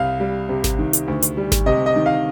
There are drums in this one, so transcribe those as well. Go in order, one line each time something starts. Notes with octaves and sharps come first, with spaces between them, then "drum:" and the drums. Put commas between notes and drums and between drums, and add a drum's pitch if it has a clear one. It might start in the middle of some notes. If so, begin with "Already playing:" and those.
Already playing: C2 F5
G3
C3
drum: snare G#1
D#3
drum: hi-hat
D2
drum: hi-hat
G3
drum: snare G#1
C3 D#5
D#5
D#3
F5